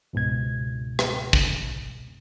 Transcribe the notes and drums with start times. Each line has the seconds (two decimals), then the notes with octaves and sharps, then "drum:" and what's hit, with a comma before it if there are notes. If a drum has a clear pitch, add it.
0.13 C#2 G#2 B2 G#6
0.99 drum: rim click
1.33 drum: kick